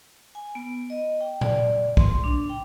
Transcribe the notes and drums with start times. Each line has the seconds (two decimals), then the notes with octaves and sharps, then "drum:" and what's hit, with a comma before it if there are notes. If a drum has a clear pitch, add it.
0.35 G#5
0.55 B3
0.90 D#5
1.21 G5
1.41 D5, drum: tom A#2
1.97 C6, drum: kick
2.24 D4
2.49 G5